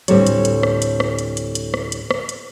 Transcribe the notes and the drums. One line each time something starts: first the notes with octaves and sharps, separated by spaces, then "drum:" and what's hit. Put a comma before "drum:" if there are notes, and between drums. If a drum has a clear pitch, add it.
D2 A2 G3 C4 A4 C#5, drum: hi-hat
drum: hi-hat
drum: hi-hat
drum: rim click
drum: hi-hat
drum: rim click
drum: hi-hat
drum: hi-hat
drum: hi-hat
drum: rim click
drum: hi-hat
drum: rim click
drum: hi-hat